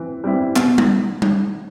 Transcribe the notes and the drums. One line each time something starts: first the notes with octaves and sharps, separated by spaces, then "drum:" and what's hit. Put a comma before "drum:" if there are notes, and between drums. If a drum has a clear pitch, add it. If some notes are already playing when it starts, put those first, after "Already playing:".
Already playing: E3 C4
G3 C4 E4
B2 B3, drum: clap
drum: tom G3
drum: tom G3